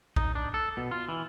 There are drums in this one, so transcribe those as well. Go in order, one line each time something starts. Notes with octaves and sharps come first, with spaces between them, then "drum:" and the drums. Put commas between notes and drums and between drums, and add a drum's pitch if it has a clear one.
D#4, drum: kick
D4
A4
B2
F4
E3